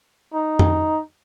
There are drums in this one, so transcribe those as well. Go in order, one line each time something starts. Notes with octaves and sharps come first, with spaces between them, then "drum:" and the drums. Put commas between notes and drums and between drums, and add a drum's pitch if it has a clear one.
D#4
drum: tom F2